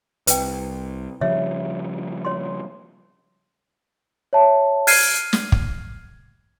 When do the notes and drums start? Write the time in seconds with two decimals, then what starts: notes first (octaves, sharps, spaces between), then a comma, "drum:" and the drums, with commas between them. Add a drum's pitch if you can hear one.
0.27 C2 B4 G5, drum: hi-hat
1.21 C#3 F3 G3 C#5 E5
2.25 C#5 C6
4.33 C#5 E5 A5
4.87 F6 F#6 G#6 C7 D#7, drum: open hi-hat
5.33 drum: snare
5.52 drum: kick